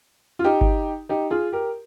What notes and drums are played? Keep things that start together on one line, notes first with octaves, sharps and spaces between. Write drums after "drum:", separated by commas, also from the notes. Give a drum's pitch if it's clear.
F4
D#4 G4
drum: kick G1
D#4 G4
F4 G#4
G4 A#4